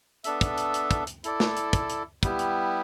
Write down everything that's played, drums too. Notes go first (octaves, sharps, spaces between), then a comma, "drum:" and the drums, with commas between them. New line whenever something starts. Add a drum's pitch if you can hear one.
B3 D4 A4 E5, drum: hi-hat
drum: kick, hi-hat
drum: hi-hat
drum: hi-hat
drum: kick, hi-hat
drum: hi-hat
E4 A4 D5, drum: hi-hat
drum: snare
drum: hi-hat
drum: kick, hi-hat
drum: hi-hat
G3 B3 E4 G4, drum: kick, hi-hat
drum: hi-hat